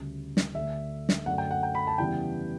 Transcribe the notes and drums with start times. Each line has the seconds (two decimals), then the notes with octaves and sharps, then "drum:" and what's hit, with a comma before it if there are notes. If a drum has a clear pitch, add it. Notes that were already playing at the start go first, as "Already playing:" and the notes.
Already playing: D2 C#3 G3
0.37 drum: snare
0.55 D2 D3 A3 E5
1.09 drum: snare
1.26 F#2 D3 F#3 A3 F#5
1.38 G5
1.51 F#5
1.63 G5
1.75 B5
1.87 A5
1.98 E2 C#3 E3 G3 B3 G5